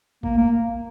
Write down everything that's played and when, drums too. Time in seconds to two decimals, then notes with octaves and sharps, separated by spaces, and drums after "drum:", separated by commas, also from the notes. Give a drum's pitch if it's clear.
0.23 A#3, drum: kick G#1
0.38 A#3